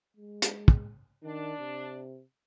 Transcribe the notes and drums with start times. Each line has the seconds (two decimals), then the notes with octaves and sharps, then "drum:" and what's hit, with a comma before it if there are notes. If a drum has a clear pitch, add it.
0.17 G#3
0.42 drum: hi-hat
0.68 drum: kick
1.23 D#3 D4
1.60 C3